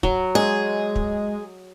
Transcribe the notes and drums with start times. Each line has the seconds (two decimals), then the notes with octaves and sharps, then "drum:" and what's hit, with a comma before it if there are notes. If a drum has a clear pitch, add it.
0.03 F#3, drum: kick
0.35 G#3 G#4
0.96 drum: kick